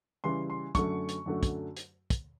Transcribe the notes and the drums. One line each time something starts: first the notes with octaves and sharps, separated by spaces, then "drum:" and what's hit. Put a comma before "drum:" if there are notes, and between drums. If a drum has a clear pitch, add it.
C#3 E3 G3 C6
C6
F#2 D3 F#3 A3 C#6, drum: kick, hi-hat
drum: hi-hat
F#2 D3 F#3 A3
drum: kick, hi-hat
drum: hi-hat
drum: kick, hi-hat